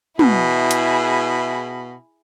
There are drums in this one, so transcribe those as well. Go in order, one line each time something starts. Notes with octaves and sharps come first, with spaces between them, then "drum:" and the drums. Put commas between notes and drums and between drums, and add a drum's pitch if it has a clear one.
B2 E4 G#4, drum: tom
drum: hi-hat